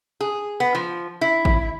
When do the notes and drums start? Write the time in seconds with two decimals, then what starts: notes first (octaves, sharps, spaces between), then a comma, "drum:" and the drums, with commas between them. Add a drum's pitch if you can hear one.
0.21 G#4
0.60 B3
0.75 F3
1.21 E4
1.45 drum: kick G#1